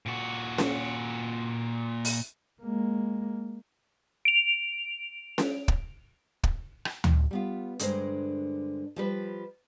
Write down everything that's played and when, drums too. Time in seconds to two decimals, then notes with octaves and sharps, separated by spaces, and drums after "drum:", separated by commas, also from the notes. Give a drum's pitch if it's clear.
0.06 A#2 F#4
0.58 drum: snare C#4
2.05 drum: open hi-hat
2.62 G#3 A#3
4.25 D7 F7
5.38 drum: snare C#4
5.68 drum: kick
6.44 drum: kick
6.85 drum: rim click
7.04 drum: tom D2
7.31 G3 B3 F4
7.79 G2 D3 G#3 A#4 C5, drum: hi-hat
8.96 F3 G3 B4